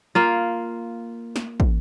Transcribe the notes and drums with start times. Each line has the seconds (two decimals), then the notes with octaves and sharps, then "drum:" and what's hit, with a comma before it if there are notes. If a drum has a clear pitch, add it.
0.15 A#3 F4
1.36 drum: snare
1.60 drum: kick